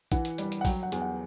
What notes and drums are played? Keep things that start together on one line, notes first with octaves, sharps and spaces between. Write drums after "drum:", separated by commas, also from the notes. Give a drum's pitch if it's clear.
E3 F#5, drum: kick, hi-hat
drum: hi-hat
G3, drum: hi-hat
drum: hi-hat
F#5
F#3 G5, drum: kick, open hi-hat
F#5
E2, drum: hi-hat
F#5